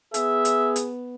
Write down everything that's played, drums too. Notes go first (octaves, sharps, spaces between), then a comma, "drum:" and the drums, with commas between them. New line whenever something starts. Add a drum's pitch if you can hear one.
B3 G#4 E5, drum: hi-hat
drum: hi-hat
drum: hi-hat